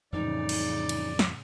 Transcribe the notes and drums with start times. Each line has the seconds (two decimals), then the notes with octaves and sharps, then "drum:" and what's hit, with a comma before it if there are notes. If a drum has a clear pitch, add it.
0.13 F2 A2 C#3 E3 G3 D#4 D5
0.49 drum: cymbal
0.89 drum: cymbal
1.19 drum: snare